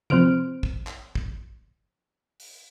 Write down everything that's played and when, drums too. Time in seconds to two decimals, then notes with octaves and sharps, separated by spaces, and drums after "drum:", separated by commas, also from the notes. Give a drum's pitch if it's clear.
0.10 F3 C4 C5 F6 D7, drum: tom C3
0.63 drum: kick
0.87 drum: clap
1.15 drum: kick
2.40 drum: open hi-hat